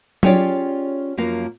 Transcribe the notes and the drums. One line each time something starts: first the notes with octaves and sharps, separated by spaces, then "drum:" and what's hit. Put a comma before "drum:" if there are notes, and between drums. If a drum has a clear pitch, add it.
C#4 F4 G4 G#4 C#5 D5, drum: tom F#3
F#2 F3 A#3 F#4 F5